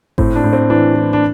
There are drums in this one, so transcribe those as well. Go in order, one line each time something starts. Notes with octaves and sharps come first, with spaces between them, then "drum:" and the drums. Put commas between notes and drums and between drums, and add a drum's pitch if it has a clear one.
A2 C4, drum: kick G1
D4
A2
C4
E3 D4
E3
D4